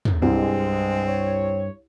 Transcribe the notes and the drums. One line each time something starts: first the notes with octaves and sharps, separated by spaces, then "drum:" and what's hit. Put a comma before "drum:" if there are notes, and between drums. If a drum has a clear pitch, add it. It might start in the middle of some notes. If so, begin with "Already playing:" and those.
drum: tom
C2 G2 G#3 C4
C#5